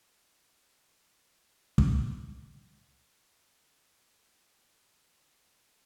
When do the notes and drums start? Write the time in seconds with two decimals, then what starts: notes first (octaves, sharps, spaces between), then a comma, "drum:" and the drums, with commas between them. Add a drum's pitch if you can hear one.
0.22 F3 C#4
1.78 drum: kick
3.93 C#4
4.63 D3
4.95 D3 F#3 A#3 E4 D#5 E6